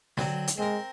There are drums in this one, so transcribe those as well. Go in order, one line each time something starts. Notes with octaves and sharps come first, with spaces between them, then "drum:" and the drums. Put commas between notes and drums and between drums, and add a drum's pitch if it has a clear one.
D3 F#3 C4, drum: snare
drum: hi-hat
G#3 C4 A#4